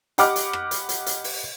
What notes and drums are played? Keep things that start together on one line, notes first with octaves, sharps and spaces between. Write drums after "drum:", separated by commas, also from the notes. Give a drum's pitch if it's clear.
G4 D#5 F#5 B5 D6 F6, drum: hi-hat
drum: hi-hat
drum: rim click
drum: hi-hat
drum: hi-hat
drum: hi-hat
drum: open hi-hat